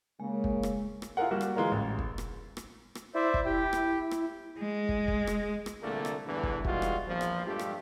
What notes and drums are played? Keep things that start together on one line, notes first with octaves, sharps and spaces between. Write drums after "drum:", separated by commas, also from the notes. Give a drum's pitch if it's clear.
C#3 G#3 A#3
drum: kick
drum: rim click
drum: rim click
E4 F4 G#4 A#4 F#5
G3 A#3 F#4
drum: rim click
E3 G#3 F4 A#4 A#5
A1
drum: kick
drum: rim click
drum: rim click
drum: rim click
E4 C5 D5 E5
drum: kick
G4 G5
drum: rim click
drum: rim click
G#3
drum: kick
drum: kick
drum: rim click
drum: rim click
C2 A#2 D3 A3 A#3
drum: rim click
E2 G2 D3 E3
drum: kick
E3 G3 G#3 F4 F#4, drum: kick
drum: rim click
A#1 E2 F3
drum: rim click
G2 G#3 A3 F4 G4
drum: rim click